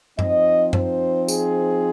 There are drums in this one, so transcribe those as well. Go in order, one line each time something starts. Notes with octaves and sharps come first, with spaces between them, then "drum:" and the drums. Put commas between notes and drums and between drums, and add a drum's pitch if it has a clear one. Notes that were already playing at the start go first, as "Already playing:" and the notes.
F3 C4 D#4 D#5, drum: tom F#2
C5, drum: tom F#2
G#4, drum: tambourine